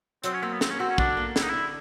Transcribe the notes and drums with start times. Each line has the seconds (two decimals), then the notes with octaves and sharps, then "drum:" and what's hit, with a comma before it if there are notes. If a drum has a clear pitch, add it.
0.24 F#3 C4, drum: hi-hat
0.33 C#4
0.43 A#3 C4
0.52 B3
0.61 A#3 C4, drum: snare
0.70 C#4
0.79 C4 F#4
0.89 C#4
0.98 D3 D4, drum: kick
1.17 A#3
1.36 D3 E4, drum: snare
1.43 D#4
1.50 D3 E4